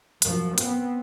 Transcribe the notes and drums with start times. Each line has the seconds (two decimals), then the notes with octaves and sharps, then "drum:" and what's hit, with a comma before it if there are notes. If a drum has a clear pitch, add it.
0.22 F#2 F3, drum: hi-hat
0.58 B3 C4, drum: hi-hat